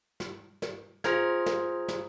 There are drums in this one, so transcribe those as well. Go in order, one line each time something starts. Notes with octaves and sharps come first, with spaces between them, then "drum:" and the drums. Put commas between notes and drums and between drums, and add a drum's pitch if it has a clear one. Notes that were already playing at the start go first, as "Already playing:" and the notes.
drum: snare
drum: snare
F4 G#4 C5 A#5 F6 G#6, drum: snare
drum: snare
drum: snare